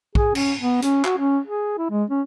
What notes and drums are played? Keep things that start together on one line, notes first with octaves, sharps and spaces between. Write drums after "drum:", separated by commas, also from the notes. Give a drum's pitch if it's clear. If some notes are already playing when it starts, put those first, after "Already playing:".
G#4, drum: kick A#1
C#4, drum: cymbal
B3
C#4, drum: hi-hat
F#4, drum: clap
C#4
G#4
E4
G#3
C#4